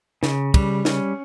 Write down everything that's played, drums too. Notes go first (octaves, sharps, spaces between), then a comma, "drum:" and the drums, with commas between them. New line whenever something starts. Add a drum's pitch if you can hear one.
C#3, drum: snare
G3, drum: kick, cymbal
C#4, drum: snare